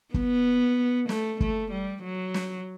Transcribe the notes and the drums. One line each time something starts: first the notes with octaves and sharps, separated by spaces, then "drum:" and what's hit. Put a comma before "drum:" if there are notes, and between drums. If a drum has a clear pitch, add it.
B3, drum: kick
A3, drum: snare
A3, drum: kick
G3
F#3
drum: snare